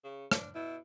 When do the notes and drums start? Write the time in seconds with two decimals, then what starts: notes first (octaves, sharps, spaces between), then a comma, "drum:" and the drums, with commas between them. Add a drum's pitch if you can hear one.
0.04 C#3
0.32 D4, drum: rim click
0.55 B2 E4